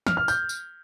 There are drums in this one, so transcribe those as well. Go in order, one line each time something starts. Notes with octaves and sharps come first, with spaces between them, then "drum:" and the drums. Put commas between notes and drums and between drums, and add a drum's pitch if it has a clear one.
F6, drum: snare
F6
G6, drum: tambourine
drum: tambourine